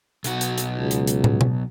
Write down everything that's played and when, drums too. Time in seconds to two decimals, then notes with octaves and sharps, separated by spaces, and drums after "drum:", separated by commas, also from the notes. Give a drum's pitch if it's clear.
0.24 B1 F#4, drum: hi-hat
0.41 drum: hi-hat
0.58 drum: hi-hat
0.78 C#2
0.91 drum: hi-hat
1.07 drum: hi-hat
1.24 drum: tom
1.41 drum: tom B2